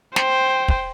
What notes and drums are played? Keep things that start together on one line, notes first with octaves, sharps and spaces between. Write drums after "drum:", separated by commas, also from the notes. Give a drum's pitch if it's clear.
C5 G5, drum: snare
drum: kick